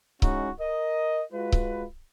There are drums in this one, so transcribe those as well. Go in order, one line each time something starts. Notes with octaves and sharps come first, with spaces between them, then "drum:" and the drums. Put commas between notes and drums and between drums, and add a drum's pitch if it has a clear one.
G#3 C#4 D#4 E4 F#4, drum: kick C#1
A#4 D#5
G#3 F4 F#4 B4
drum: kick C#1